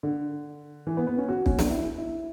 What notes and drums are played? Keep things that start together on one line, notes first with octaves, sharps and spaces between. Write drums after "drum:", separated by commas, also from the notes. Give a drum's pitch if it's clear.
D3
E3
B3
B3
C#4
F#4
C#4, drum: kick
D4, drum: snare
E4
E4